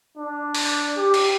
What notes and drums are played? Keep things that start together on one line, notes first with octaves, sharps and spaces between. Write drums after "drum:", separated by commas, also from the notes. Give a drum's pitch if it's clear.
D4
drum: open hi-hat
G4
drum: cymbal